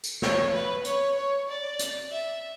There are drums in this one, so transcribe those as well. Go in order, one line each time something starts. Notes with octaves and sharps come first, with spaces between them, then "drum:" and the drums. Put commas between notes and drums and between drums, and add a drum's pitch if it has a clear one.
drum: tambourine
C#5, drum: snare
B4
C#5, drum: hi-hat
C#5
D5
drum: hi-hat
E5